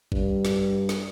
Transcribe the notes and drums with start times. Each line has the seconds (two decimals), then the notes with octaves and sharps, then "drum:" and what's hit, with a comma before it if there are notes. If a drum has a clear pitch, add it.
0.12 G2, drum: kick A1
0.45 drum: snare
0.89 drum: snare